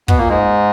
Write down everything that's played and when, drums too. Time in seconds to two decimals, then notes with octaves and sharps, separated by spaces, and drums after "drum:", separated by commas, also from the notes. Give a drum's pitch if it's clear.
0.08 B2 B3, drum: kick
0.18 A#2 A#3
0.29 G#2 G#3